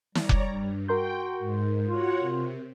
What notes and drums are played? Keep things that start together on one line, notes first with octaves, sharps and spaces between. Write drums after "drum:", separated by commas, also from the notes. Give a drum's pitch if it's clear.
G3 C#5 D5 A#5, drum: snare
drum: kick F1
G2
F#4 A#4 G5 C6 G6
G#2
F4 F#4 C#5 F#5
C3